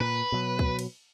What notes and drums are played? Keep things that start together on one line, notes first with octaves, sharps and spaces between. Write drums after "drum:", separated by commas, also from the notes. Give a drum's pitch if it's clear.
A#2 B4
B2 F#3
drum: kick C#2
drum: cymbal